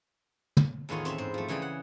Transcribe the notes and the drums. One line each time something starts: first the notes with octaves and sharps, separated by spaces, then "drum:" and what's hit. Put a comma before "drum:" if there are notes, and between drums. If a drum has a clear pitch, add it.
drum: tom
E2 A2 D#3 F4 C#5 D#5
C4 C#4 E5, drum: hi-hat
G#2 C5
F3 A3
C#3 E3 G#4 D5 G5
F#5